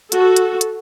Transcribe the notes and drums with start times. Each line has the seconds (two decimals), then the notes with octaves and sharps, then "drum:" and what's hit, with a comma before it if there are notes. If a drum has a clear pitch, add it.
0.12 F#4 A4, drum: hi-hat
0.36 drum: hi-hat
0.61 drum: hi-hat